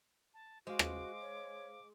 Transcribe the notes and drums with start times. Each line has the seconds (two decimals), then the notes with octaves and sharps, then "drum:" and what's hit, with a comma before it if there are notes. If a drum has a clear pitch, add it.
0.34 A5
0.67 G#3 F#4 C5 F5 D6
0.79 drum: rim click
1.21 C#5